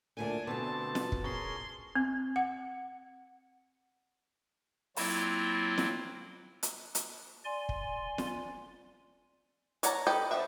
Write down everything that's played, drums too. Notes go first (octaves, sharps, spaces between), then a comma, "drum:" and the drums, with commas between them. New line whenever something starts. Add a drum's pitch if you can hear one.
D2 A#2 D3 D4 G#5
B2 D3 A3 B3 C4 A5
drum: snare
drum: kick
C#4 G#4 A#4 C6
C4
F#5
F#3 A#3 C4 E4 F4, drum: open hi-hat
drum: snare
drum: hi-hat
drum: hi-hat
D5 G#5 C6
drum: kick
drum: snare
C#5 D5 F#5 A5 A#5, drum: hi-hat
G4 A4 B4 D#5 G5
F3 B3 D4 E5